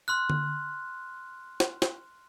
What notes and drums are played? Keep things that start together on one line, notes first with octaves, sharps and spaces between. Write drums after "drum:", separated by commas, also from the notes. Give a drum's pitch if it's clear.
C6 F6 F#6
drum: tom D3
drum: snare
drum: snare